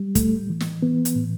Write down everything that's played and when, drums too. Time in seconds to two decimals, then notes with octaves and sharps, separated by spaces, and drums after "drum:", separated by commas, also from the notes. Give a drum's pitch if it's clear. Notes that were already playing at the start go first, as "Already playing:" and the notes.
Already playing: G3
0.15 A2 A3, drum: kick, hi-hat
0.50 E3
0.60 drum: snare
0.82 E3 B3
1.05 drum: hi-hat
1.16 A2